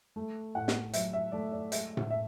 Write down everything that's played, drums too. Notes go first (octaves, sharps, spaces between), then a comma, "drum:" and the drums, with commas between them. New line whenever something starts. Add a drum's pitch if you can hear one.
A3
A2 F#5
drum: snare
F#3 E5, drum: hi-hat
E5
A3 D5
D5
G#3 E5, drum: hi-hat
drum: tom A2
E5